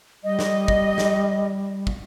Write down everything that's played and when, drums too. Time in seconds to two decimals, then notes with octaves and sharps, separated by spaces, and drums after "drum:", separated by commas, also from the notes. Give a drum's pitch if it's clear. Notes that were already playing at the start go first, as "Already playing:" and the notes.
0.24 G3 D#5
0.39 drum: snare
0.68 drum: kick
0.98 drum: snare
1.87 drum: kick